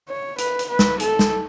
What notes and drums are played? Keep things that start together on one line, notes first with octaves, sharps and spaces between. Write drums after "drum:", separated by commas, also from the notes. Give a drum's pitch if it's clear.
C#5
B4, drum: hi-hat
drum: hi-hat
B4
drum: snare
A4, drum: hi-hat
drum: snare